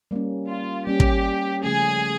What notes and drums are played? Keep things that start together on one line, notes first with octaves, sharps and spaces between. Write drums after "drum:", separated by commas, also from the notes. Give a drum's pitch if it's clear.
G3 A#3 C#4
F4
G3 A#3 C#4 G4
drum: kick
C#3 F3 A3 C#4 G#4